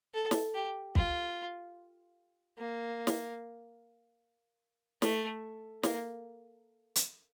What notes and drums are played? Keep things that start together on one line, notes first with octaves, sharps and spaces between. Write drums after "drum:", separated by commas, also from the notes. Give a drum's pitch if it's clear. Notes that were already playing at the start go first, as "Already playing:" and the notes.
A4
drum: snare
G4
F4, drum: kick
A#3
drum: snare
A3, drum: snare
A#3, drum: snare
drum: hi-hat